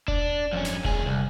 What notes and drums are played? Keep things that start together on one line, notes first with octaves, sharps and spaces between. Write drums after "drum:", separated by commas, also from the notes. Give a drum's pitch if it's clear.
D4, drum: kick E1
F2 C#4
drum: snare
D2 G#4, drum: kick E1
C2